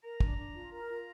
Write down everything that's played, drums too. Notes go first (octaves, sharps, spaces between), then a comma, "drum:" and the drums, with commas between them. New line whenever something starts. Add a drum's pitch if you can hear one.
A#4 A#5
D4, drum: kick
D4
F4
A#4 A#5
F4